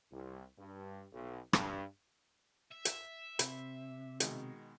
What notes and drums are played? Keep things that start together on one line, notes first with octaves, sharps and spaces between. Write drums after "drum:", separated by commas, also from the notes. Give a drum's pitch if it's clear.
C2
G2
B1
G2, drum: rim click
E5
drum: hi-hat
C3 B5, drum: hi-hat
B2 D#3 G#3, drum: hi-hat